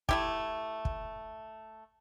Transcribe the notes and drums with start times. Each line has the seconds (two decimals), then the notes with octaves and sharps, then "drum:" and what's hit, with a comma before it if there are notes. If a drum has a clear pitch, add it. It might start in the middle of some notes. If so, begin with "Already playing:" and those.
0.09 A3 E4 G4, drum: kick
0.85 drum: kick